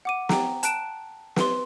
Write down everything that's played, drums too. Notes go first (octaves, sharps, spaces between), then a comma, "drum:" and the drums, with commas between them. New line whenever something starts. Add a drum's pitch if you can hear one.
F#5 D6 D#7
G5 A#5, drum: snare
A5 F#6 D7 E7, drum: hi-hat
B4 C6, drum: snare